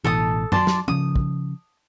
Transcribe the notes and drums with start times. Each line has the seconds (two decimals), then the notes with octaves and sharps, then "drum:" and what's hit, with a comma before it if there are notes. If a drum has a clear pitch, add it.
0.04 A1 B2 E3 A4 A5 D#6
0.52 F#3 D5 A5 C6, drum: tom F#2
0.67 drum: snare
0.88 C#3 F3 C#4 D#6
1.15 drum: kick